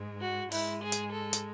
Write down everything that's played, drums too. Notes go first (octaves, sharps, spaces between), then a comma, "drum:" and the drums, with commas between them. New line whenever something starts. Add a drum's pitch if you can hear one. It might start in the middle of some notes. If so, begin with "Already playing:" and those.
Already playing: G#2 G#3
F#4
G#2 G#3 E4, drum: open hi-hat
G#4
drum: hi-hat
A4
drum: hi-hat